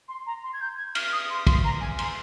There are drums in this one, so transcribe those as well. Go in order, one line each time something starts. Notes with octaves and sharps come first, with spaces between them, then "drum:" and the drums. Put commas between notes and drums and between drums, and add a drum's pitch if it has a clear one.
C6
A#5
C6
G#6
G6
G#6
F6, drum: cymbal
D#6
C6
C6, drum: kick, cymbal
A#5
G#5
C6, drum: cymbal